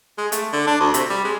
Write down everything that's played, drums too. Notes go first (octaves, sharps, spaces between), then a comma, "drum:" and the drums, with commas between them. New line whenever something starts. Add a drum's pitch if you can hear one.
G#3
A3, drum: hi-hat
D3
D4
D2
C3, drum: hi-hat
G3
G#3